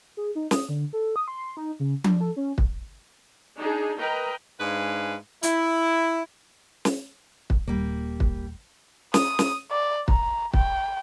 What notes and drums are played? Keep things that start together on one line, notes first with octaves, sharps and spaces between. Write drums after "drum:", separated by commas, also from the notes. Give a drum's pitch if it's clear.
G#4
D#4
D#6, drum: snare
D3
A4
D#6
C6
D#4
C#3
D4, drum: tom F3
A4
C#4
drum: kick
D4 D#4 G#4
A#4 B4 D#5 G5 A#5
G#2 D4 B4 F5 G#5
E4, drum: hi-hat
drum: snare
drum: kick
D#1 G3 A#3
drum: kick
D#6, drum: snare
drum: snare
D5
A#5, drum: kick
G5, drum: kick